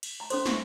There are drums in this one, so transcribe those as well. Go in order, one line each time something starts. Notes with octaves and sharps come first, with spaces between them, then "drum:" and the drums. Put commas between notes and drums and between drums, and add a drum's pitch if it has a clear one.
drum: cymbal
A#5
C#4 A4 C5 C6, drum: cymbal
C#6, drum: snare